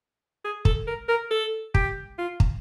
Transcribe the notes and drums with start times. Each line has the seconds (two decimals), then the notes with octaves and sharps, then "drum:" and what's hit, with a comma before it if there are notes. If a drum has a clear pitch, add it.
0.45 G#4
0.65 A4, drum: kick
0.87 A#4
1.09 A#4
1.31 A4
1.75 G4, drum: kick
2.18 F4
2.40 drum: kick